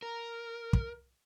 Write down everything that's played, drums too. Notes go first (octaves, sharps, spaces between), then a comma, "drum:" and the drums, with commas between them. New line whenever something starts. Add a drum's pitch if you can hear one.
A#4
drum: kick